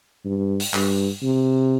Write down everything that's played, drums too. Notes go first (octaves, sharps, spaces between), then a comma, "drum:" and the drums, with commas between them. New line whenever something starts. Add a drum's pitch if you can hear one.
G2
drum: open hi-hat
G2, drum: clap
C3